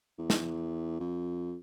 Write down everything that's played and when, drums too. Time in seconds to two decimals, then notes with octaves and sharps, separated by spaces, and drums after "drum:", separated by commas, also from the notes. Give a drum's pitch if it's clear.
0.19 E2
0.30 drum: snare
1.00 F2